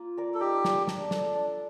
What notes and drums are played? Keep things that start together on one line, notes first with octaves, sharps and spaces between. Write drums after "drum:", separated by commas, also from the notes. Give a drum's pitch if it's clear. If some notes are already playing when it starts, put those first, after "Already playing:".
Already playing: A#3 F4
A#4 D5
A4
D#4 G4
A#4 D5, drum: snare
D4, drum: snare
A4 D5, drum: snare
D4